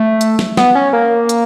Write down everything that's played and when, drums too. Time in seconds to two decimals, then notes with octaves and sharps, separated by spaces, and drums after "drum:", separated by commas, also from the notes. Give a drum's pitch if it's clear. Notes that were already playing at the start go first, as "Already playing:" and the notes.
Already playing: A3
0.21 drum: hi-hat
0.39 drum: snare
0.57 B3, drum: snare
0.75 C#4
0.93 A#3
1.29 drum: hi-hat